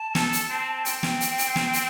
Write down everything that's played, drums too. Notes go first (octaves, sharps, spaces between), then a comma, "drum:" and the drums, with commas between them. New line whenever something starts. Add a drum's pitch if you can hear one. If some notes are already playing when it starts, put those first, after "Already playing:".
Already playing: A5
A4, drum: snare
drum: hi-hat
C4
A5
C4 G5, drum: hi-hat
drum: snare
drum: hi-hat
drum: hi-hat
drum: snare
drum: hi-hat